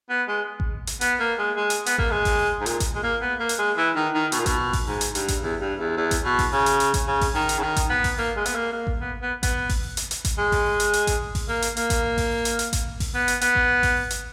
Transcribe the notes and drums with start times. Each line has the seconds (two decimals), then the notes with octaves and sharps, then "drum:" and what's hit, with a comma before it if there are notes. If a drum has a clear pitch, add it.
0.09 B3
0.28 G#3
0.60 drum: kick A1
0.87 drum: hi-hat
1.01 B3, drum: hi-hat
1.20 A#3
1.38 G#3
1.57 G#3
1.70 drum: hi-hat
1.86 B3, drum: hi-hat
1.98 A#3, drum: kick A1
2.11 G#3
2.25 drum: kick A1, open hi-hat
2.61 G#2
2.66 A#2, drum: hi-hat
2.80 drum: kick A1, hi-hat
2.95 G#3
3.03 A#3
3.21 B3
3.40 A#3
3.49 drum: hi-hat
3.59 G#3
3.77 E3
3.96 D#3
4.14 D#3
4.32 B2, drum: hi-hat
4.39 A#2
4.46 B2, drum: kick A1, hi-hat
4.73 drum: kick A1, open hi-hat
4.87 G#2
5.01 drum: hi-hat
5.15 G2, drum: hi-hat
5.28 drum: kick A1, hi-hat
5.42 E2
5.61 G2
5.79 E2
5.97 E2
6.11 drum: kick A1, hi-hat
6.25 B2
6.39 drum: kick A1, open hi-hat
6.52 C#3
6.66 drum: hi-hat
6.80 drum: hi-hat
6.94 drum: kick A1, hi-hat
7.07 C#3
7.21 drum: kick A1, open hi-hat
7.35 D#3
7.49 drum: hi-hat
7.58 C#3
7.63 D#3
7.76 drum: kick A1, hi-hat
7.90 B3
8.04 drum: kick A1, open hi-hat
8.18 A#3
8.36 G#3
8.46 B3, drum: hi-hat
8.55 A#3
8.73 A#3
8.87 drum: kick A1
9.01 B3
9.22 B3
9.43 B3, drum: kick A1, hi-hat
9.69 drum: kick A1, open hi-hat
9.97 drum: hi-hat
10.11 drum: hi-hat
10.25 drum: kick A1, hi-hat
10.38 G#3
10.52 drum: kick A1, open hi-hat
10.80 drum: hi-hat
10.93 drum: hi-hat
11.07 drum: kick A1, hi-hat
11.35 drum: kick A1, open hi-hat
11.49 A#3
11.62 drum: hi-hat
11.77 A#3, drum: hi-hat
11.90 drum: kick A1, hi-hat
12.18 drum: kick A1, open hi-hat
12.45 drum: hi-hat
12.59 drum: hi-hat
12.73 drum: kick A1, hi-hat
13.00 drum: kick A1, open hi-hat
13.15 B3
13.28 drum: hi-hat
13.41 B3, drum: hi-hat
13.55 drum: kick A1
13.83 drum: kick A1, open hi-hat
14.11 drum: hi-hat